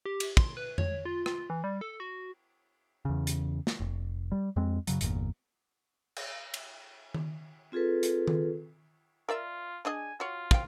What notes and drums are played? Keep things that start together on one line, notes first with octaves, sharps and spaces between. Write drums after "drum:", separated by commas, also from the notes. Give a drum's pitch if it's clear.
G4
drum: cymbal
C6, drum: kick
B4
C#5, drum: tom F2
F4
F4, drum: rim click
E3
G3
A4
F#4
E2 C#3
drum: hi-hat
drum: snare
F1
G3
F2 G#3 C4
F#2 C#3 F#3, drum: hi-hat
G1 E2 A#2, drum: hi-hat
drum: cymbal
drum: cymbal
drum: tom D#3
C4 F4 G#4 A4 B4
drum: hi-hat
drum: tom D#3
F4 A#4 D5 E5
D4 G#4 D#5 G#5
F4 F#4 C#5
F3 G5, drum: kick